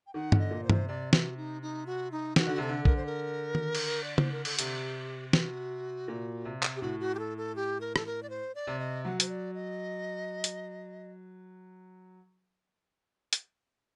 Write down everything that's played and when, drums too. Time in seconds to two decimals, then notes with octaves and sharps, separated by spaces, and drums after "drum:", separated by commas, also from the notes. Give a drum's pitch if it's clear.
0.07 G5
0.14 D#3 F#5
0.32 D3, drum: tom G2
0.39 D#5
0.51 A#2
0.64 C5
0.70 C3, drum: tom G2
0.88 C3 D5
1.13 F#4, drum: snare
1.37 D#4
1.62 D#4
1.86 F#4
2.12 D#4
2.36 D#3 F#4, drum: snare
2.47 D3
2.58 C3 A4
2.69 D3
2.85 A#4, drum: kick A#1
2.97 C5
3.06 A#4
3.55 drum: tom D#3
3.75 drum: cymbal
4.04 D5
4.18 C5, drum: tom C#3
4.32 A#4
4.45 A4, drum: cymbal
4.59 C3 G4, drum: hi-hat
5.33 F#4, drum: snare
6.08 A#2
6.45 C3
6.63 drum: clap
6.76 G4
6.82 A2 F#4
7.00 F#4
7.15 G4
7.19 A4
7.38 A4
7.56 G4
7.81 A#4
7.96 A4, drum: rim click
8.06 A#4
8.23 D5
8.30 C5
8.55 D5
8.67 C3
8.79 D#5
9.05 F#3 F#5
9.20 C5, drum: hi-hat
9.29 D5
9.54 D#5
10.44 drum: hi-hat
13.33 drum: hi-hat